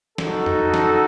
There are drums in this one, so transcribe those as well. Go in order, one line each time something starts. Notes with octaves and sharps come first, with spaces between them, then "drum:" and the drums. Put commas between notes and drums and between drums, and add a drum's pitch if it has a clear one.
D#4 F#4 A4, drum: snare
drum: tom F2
drum: snare